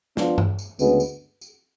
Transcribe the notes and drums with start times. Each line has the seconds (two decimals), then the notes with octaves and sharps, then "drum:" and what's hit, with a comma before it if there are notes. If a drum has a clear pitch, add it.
0.17 F3 B3 D4 F4, drum: snare
0.38 drum: tom G2
0.59 drum: tambourine
0.79 D2 C#3 G#3 B3, drum: tambourine
1.00 drum: tambourine
1.41 drum: tambourine